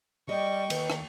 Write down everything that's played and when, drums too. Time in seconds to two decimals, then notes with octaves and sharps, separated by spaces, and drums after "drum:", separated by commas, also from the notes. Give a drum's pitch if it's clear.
0.29 G3 D5 D#5 G5 C#6
0.70 D#2 B4, drum: cymbal
0.90 drum: rim click